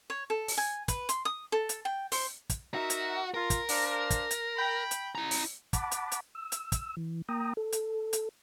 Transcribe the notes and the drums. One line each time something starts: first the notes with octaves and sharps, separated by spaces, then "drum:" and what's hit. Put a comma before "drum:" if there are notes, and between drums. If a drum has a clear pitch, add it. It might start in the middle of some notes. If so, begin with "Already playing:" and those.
C#5
A4
drum: open hi-hat
G#5
B4, drum: kick, hi-hat
C6, drum: hi-hat
D#6
A4
drum: hi-hat
G5
C5, drum: open hi-hat
drum: kick, hi-hat
D#4 F#4 A#4 E5
drum: hi-hat
F4 A#4
drum: kick, hi-hat
D4 C5 F5, drum: open hi-hat
drum: kick, hi-hat
drum: hi-hat
G5 B5
drum: hi-hat
E4 A#5
drum: open hi-hat
F#5 A5 B5 D6, drum: kick, hi-hat
drum: hi-hat
drum: hi-hat
E6
drum: hi-hat
drum: kick, hi-hat
E3
A#3 G5 A#5 D#6
A4
drum: hi-hat
drum: hi-hat